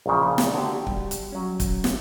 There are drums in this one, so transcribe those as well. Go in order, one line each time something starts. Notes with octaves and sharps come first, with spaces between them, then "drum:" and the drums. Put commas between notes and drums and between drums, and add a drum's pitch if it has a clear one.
A#1 F2 A#2 C#3 F3
drum: snare
D3 C4 F#4 G4
G3, drum: kick
drum: hi-hat
F#3 C#4
drum: kick, hi-hat
drum: snare